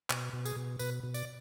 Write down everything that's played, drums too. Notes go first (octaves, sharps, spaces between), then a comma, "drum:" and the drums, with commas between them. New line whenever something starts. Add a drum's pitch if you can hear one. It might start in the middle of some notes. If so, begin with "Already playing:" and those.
B2, drum: clap
B2
G#4, drum: tambourine
B2
B2 B4, drum: tambourine
B2
D5, drum: tambourine